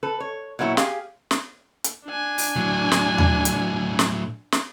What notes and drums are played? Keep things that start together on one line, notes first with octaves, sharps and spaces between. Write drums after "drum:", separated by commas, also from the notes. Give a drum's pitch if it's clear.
A4 B4
C#5
A#2 F#3 B3 E4 C#5
G4 G#4 F5, drum: snare
drum: snare
drum: hi-hat
D4 G#5
drum: open hi-hat
A2 F#3
drum: snare
drum: tom D#2
drum: hi-hat
drum: snare
drum: snare